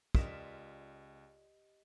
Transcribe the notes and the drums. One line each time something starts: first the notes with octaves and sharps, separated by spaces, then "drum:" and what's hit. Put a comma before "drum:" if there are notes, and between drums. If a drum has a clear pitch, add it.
C#2 F4 G4 A#4 D5 D#5 B6 E7, drum: kick